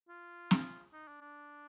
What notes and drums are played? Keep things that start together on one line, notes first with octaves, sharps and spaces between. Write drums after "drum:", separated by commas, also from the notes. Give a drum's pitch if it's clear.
F4
drum: snare
D#4
D4
D4